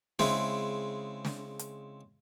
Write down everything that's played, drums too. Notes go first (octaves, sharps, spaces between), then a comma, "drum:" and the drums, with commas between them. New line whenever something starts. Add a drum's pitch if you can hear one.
C#3 G#3 C4 E4, drum: snare
drum: snare
drum: hi-hat